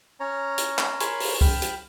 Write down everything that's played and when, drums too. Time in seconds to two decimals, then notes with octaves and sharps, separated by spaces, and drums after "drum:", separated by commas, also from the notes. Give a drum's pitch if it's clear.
0.20 C#4 C#5 A#5
0.58 drum: hi-hat
0.79 drum: clap
1.00 A#4 C#5 G#5 B5 C6, drum: hi-hat
1.20 drum: open hi-hat
1.41 G5 B5 F6, drum: kick
1.62 drum: hi-hat